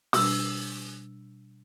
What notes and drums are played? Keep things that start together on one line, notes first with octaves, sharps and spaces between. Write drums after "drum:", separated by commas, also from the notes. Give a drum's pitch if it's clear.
B2 G3 D4 E6, drum: open hi-hat